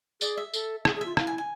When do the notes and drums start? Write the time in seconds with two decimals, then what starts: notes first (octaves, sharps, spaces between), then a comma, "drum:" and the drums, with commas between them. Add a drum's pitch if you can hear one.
0.21 G#4 D5, drum: tambourine
0.37 E5
0.54 A4, drum: tambourine
0.85 G#4 E5, drum: rim click
0.95 G#4
1.01 F4 E5
1.17 E4 F5, drum: rim click
1.27 G#5
1.38 G#5